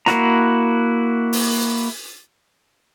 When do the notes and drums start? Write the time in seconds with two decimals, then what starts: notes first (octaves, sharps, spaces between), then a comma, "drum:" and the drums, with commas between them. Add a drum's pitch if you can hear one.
0.06 A#3 E4 F#4 A#5, drum: snare
1.33 drum: open hi-hat